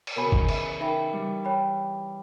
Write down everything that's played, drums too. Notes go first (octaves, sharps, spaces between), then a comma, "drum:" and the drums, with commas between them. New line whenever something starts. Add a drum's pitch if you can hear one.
drum: cymbal
B2 A#4 C#5 G#5 B5
C#3
D#3, drum: kick G1
C#3
E3, drum: cymbal
D#4 A#4 E5 G5 B5
G3
C#5 G5 B5